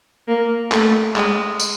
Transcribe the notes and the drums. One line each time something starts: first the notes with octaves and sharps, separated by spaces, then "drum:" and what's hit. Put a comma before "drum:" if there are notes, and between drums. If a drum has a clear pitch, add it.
A#3
A3, drum: clap
G#3, drum: clap
drum: tambourine